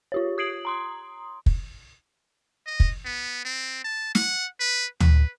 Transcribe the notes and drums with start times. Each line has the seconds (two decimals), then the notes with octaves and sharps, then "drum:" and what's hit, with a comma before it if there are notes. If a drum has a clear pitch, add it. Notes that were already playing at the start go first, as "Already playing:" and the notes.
0.12 F4 G4 C#5
0.38 D#6 G#6 C7 D7 F#7
0.65 A#5 C6 D#6
1.46 drum: kick
2.66 D#5
2.80 drum: kick
3.05 B3
3.45 C4
3.84 A5
4.15 F#5, drum: snare
4.60 B4
5.00 B4, drum: tom D2